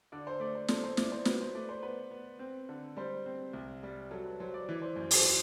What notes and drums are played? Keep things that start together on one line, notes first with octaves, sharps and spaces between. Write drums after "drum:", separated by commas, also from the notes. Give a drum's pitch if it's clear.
D3 D5
C5
A3 D5
C5
A4 C5, drum: snare
C5
E4 D5, drum: snare
C5
F#4 B4, drum: snare
C5
A3 D5
C5
B3 B4
B3
C4
D3
G3 C5
C4
C2
G3
F#3 A4
B4
F#3 C5
D5
E3 D5
C5
F#2 C5
C5, drum: open hi-hat
C5